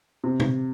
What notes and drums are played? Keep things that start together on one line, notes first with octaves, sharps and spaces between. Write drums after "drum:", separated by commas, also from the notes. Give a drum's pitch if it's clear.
C3
drum: tom C3